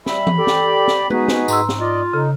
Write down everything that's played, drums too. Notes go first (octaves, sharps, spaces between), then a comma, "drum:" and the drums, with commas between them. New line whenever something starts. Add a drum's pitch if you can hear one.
G3 E5 B5, drum: snare
drum: tom E3
G4 A4 D5
drum: snare
drum: snare
B3 D#4 F#4 G#4 B4, drum: tom G#3
drum: snare
G#2 A#5 C6 E6, drum: tambourine
drum: snare
F4 D5 D#5
C#3 D#4 A4